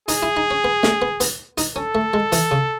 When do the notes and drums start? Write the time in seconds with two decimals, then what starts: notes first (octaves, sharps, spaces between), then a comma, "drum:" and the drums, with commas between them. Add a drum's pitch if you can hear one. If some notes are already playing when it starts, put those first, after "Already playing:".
0.08 D#4 G#4, drum: hi-hat
0.23 E4
0.37 D#4
0.51 C#4
0.64 B3
0.83 A3, drum: snare
1.02 B3
1.20 B3, drum: hi-hat
1.58 D#4, drum: hi-hat
1.76 C#4 A4
1.95 A3
2.14 G#3
2.32 E3, drum: hi-hat
2.51 C#3